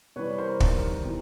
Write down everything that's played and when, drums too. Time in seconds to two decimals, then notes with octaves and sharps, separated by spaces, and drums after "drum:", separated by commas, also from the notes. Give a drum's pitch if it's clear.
0.16 C3 E3 G3 B4 C#5
0.38 A#4 C5
0.60 C3 D#3 G3 A#4 C5, drum: kick
1.05 C3 E3